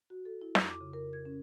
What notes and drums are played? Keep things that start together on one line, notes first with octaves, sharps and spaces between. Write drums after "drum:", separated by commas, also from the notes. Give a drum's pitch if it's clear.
F#4
A4
E4
F2, drum: snare
D6
C#3
A#4
G#6
C#4